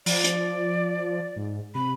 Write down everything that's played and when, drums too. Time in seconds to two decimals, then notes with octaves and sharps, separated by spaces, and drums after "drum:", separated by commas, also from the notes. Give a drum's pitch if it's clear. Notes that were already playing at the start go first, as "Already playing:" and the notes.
0.06 F3 D5, drum: open hi-hat
0.24 drum: hi-hat
1.36 G#2
1.75 C3 B5